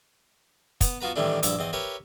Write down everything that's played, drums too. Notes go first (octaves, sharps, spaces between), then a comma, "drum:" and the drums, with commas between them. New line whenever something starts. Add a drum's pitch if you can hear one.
B3, drum: kick, hi-hat
B3 F4 F#4 B4 A#5
A2 D#3 E3 G3 A3 D4
A#1 G2 E4 E5 D6, drum: hi-hat
E2 C4 D#5
G4 A#4 B4 C#5 E5